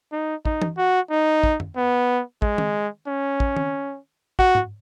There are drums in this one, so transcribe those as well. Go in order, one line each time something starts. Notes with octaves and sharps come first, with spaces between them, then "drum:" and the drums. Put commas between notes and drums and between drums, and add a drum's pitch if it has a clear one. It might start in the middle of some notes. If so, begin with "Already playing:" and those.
D#4
D#4, drum: kick
drum: tom E3
F#4
D#4
drum: kick
drum: tom F#2
B3
G#3, drum: kick
drum: tom D#3
C#4
drum: kick
drum: tom D#3
F#4, drum: kick
drum: tom G#2